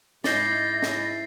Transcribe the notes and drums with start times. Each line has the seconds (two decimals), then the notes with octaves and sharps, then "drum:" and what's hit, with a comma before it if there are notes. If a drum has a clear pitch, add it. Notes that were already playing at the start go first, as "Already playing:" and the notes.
0.24 G#2 E4 D#5 D6 G6 A6 C7, drum: snare
0.83 drum: snare